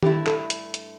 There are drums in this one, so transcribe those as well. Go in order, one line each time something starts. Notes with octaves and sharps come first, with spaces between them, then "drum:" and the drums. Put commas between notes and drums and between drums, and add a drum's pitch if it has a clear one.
G2 D3 A3 E4 G4, drum: tom D#3
A4, drum: clap
drum: hi-hat
drum: hi-hat